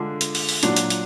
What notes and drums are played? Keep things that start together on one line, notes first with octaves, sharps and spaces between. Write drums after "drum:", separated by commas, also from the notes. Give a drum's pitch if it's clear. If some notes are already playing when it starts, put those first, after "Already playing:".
Already playing: D3 G#3 D4 F4
drum: hi-hat
drum: open hi-hat
drum: open hi-hat
A#2 F#3 D4, drum: hi-hat
drum: hi-hat
drum: hi-hat